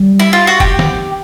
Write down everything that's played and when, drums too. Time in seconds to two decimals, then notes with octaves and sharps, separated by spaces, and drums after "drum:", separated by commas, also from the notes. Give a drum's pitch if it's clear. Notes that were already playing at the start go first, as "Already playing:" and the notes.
Already playing: G3
0.19 E4
0.33 F4
0.47 F#4
0.60 G4, drum: kick F1
0.79 drum: snare